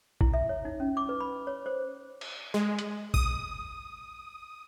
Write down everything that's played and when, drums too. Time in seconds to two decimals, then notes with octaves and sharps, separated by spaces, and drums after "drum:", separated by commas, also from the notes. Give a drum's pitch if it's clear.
0.21 E4, drum: kick
0.34 E5
0.49 C#5
0.65 D#4
0.80 C#4
0.97 D6
1.09 B4
1.20 B5
1.47 C#5
1.66 C5
2.21 drum: cymbal
2.54 G#3
2.79 drum: hi-hat
3.14 D#6, drum: kick